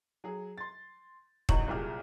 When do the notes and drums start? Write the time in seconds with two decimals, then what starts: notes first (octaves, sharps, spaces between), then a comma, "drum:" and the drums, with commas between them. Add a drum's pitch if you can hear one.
0.24 F#3 G#4
0.58 C6 A6
1.49 A1 E2 B2 D#4 C#6 F#7, drum: kick
1.68 C2 F#2 A#2 G4 G#4 F6